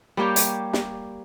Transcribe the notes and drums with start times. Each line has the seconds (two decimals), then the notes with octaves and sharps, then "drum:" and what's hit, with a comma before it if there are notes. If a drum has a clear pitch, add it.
0.17 G3 A#3 G4 C#5
0.36 drum: hi-hat
0.73 drum: snare